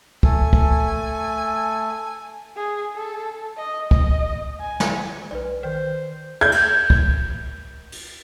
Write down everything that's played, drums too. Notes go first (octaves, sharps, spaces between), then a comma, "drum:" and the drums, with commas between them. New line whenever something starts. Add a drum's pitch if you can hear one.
A3 A4 G#5, drum: kick
drum: kick
G#4
A4
D#5
D#5, drum: kick
G#5
drum: snare
B1 B4 D5
D#3 C5
G6 G#6
drum: cymbal
drum: kick
drum: open hi-hat